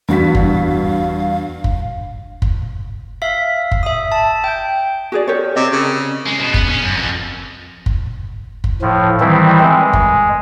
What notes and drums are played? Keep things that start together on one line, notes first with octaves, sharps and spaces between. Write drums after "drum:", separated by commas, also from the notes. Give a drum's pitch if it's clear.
E2 G2 F#4 F5 B6
drum: kick
drum: kick
drum: kick
E5 F5 B6
drum: kick
E5 D#6
A5
G5 G6
F#4 G#4 D5
G4 A#4 C#5
C3 D#5
C#3
G#3
B2
B3, drum: kick
C#4
F#2
F2
drum: kick
drum: kick
A2 F3
D#3 E3 G3 C4 E4
G#3
drum: kick